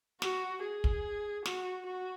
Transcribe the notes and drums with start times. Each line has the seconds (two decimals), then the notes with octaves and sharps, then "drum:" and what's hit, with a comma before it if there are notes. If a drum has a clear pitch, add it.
0.22 F#4, drum: snare
0.63 G#4
0.84 drum: kick
1.46 F#4, drum: snare
1.86 F#4